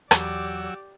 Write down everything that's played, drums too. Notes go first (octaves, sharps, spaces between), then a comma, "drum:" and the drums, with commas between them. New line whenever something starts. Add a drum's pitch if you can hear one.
E2 F#3 G4 D5 E6, drum: rim click